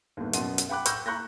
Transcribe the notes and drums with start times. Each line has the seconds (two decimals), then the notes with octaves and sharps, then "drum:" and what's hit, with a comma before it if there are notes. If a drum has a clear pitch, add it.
0.17 G1 D#2
0.33 F#2 B2 C6 D#7, drum: hi-hat
0.58 drum: hi-hat
0.69 F#5 G5 B5 D6 F#6
0.85 B5 C#6 E6 F#6 G6 A#6, drum: hi-hat
1.06 A#5 C#6 F#6 G6 A#6